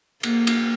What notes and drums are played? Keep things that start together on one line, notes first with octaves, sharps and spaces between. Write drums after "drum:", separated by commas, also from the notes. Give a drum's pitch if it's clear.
A#3, drum: cymbal
drum: cymbal